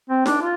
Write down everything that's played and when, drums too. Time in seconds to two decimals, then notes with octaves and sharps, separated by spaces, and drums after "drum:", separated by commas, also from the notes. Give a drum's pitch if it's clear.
0.10 C4
0.26 D4, drum: snare D#4
0.41 F4